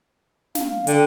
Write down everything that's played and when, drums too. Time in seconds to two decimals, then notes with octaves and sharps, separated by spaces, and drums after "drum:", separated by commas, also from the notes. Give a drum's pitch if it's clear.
0.55 F5, drum: snare
0.87 D3 G5, drum: hi-hat